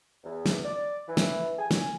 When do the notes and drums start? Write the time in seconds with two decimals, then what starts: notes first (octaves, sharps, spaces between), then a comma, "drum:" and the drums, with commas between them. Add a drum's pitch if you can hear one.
0.23 E2
0.46 drum: snare
0.63 D5
1.07 E3
1.17 drum: snare
1.58 G#5
1.71 drum: snare